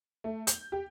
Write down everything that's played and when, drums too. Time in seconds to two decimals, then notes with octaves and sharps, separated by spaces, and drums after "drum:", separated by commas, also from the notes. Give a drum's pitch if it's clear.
0.24 A3
0.47 G6, drum: hi-hat
0.72 G4